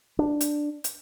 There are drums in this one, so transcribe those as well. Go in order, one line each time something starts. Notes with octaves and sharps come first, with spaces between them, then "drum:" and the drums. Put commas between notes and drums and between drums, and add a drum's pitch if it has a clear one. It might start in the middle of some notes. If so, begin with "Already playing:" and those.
D4
drum: hi-hat
drum: hi-hat